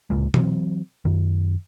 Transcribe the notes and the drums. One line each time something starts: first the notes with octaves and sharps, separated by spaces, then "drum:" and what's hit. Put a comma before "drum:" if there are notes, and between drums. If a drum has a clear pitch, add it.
D1 C#2 A#2 G#3
E3 F#3 B3 C4, drum: tom B2
F#2 D#3